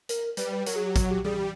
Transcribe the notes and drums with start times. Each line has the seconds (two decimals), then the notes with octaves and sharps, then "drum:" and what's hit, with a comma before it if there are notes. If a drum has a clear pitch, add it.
0.09 A#4, drum: hi-hat
0.37 G3 B4, drum: hi-hat
0.52 B4
0.66 F#3 A#4, drum: hi-hat
0.76 G#4
0.86 G4
0.96 F#4, drum: kick, hi-hat
1.10 G4
1.24 G3 G#4, drum: tom E3
1.38 G4